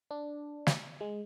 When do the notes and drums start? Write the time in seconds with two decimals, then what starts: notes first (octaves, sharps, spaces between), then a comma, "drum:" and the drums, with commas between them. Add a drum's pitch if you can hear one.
0.11 D4
0.67 drum: snare
1.01 G#3